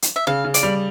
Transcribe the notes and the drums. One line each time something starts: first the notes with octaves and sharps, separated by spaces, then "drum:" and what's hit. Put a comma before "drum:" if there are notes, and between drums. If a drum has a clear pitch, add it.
drum: hi-hat
E5
C#3 F5
C#3
D5, drum: hi-hat
G3